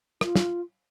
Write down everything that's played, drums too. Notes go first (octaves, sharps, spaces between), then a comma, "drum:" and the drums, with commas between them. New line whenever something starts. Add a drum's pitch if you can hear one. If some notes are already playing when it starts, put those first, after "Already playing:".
F4, drum: rim click
drum: snare